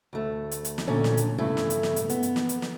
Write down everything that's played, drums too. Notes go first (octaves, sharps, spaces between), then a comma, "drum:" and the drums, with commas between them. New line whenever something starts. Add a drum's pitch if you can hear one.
D2 A3
drum: hi-hat
drum: hi-hat
drum: snare
F#2 A#2 D3 C#4
drum: snare
drum: hi-hat
G2 C#3 A3 E4
drum: snare
drum: hi-hat
drum: snare
drum: hi-hat
B3, drum: hi-hat
drum: hi-hat
drum: snare
drum: hi-hat
drum: snare